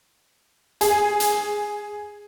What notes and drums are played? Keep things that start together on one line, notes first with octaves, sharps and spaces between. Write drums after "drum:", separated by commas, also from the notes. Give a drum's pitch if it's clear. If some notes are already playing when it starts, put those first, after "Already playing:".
G#4, drum: hi-hat
drum: hi-hat